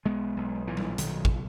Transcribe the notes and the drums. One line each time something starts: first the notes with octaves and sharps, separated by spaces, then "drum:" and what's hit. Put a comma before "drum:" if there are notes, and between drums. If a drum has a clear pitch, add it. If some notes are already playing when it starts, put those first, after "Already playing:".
B1 G#3 B3
B1
A#2 E3
drum: tom G3
B1 D#3 F#3, drum: hi-hat
drum: kick